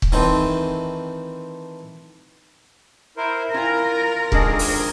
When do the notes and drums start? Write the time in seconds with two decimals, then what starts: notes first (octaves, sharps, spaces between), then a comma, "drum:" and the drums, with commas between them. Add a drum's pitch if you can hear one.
0.02 drum: kick
0.12 D#3 E3 A3 C4
3.17 E4 A#4 C5
3.54 E4 F4 A#4 G#5 A#5
4.32 F2 D#3 G#3 D4 G#4 A4, drum: kick
4.59 drum: open hi-hat